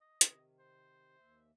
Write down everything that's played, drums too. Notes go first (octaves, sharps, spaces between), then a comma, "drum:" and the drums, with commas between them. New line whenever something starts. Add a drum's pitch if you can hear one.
D#5
C3 D#3, drum: hi-hat
C5
D#2 E5